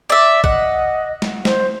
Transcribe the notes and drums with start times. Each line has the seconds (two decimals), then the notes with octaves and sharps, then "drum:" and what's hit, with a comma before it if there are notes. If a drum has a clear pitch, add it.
0.10 D5 E5
0.44 D#5 F#5, drum: kick
1.22 drum: snare
1.45 C5, drum: snare